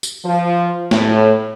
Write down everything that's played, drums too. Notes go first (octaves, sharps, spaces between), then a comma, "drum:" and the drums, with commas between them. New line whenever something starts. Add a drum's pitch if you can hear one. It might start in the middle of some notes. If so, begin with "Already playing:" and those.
drum: tambourine
F3
A2, drum: snare